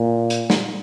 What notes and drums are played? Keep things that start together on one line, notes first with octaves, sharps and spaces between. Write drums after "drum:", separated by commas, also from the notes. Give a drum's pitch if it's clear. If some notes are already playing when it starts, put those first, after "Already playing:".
Already playing: A#2
drum: hi-hat
drum: snare